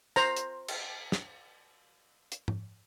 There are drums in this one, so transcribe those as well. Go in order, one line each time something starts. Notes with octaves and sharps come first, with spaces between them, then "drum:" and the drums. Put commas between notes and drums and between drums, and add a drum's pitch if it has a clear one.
C5 A#5, drum: tambourine
drum: hi-hat
drum: cymbal
drum: snare
drum: hi-hat
drum: tom